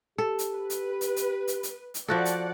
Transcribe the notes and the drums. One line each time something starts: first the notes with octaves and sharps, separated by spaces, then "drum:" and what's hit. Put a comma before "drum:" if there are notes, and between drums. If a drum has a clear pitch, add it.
G4 A4
drum: hi-hat
B4
drum: hi-hat
drum: hi-hat
drum: hi-hat
drum: hi-hat
drum: hi-hat
drum: hi-hat
F3 F#4 A4 D5 F#5
drum: hi-hat